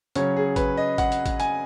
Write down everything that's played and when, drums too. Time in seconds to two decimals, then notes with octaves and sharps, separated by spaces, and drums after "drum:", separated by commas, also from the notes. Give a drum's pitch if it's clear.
0.15 C#3 F#3 C#4 C#5, drum: hi-hat
0.37 G#4
0.56 B4, drum: kick, hi-hat
0.77 D#5
0.98 F#5, drum: kick, hi-hat
1.12 drum: hi-hat
1.26 drum: kick, hi-hat
1.40 G#5, drum: hi-hat